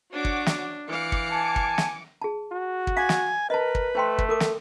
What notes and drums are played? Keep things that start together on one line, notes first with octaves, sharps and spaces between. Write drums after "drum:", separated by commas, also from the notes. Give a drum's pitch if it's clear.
D4 F#4 C#5 D6
drum: kick
drum: snare
E3 F5 D6 C#7
drum: kick
G#5 A5
drum: kick
drum: snare
G#4 A5
F#4
drum: kick
F5 G#5 D6
drum: snare
A#4 B4 D#5 A5
drum: kick
A3 C5 G5 C6
drum: kick
A4 A#4 D6
drum: snare